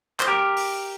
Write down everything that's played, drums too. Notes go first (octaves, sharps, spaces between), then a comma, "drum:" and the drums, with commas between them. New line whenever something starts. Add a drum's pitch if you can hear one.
C5, drum: clap
G4 A#4
drum: open hi-hat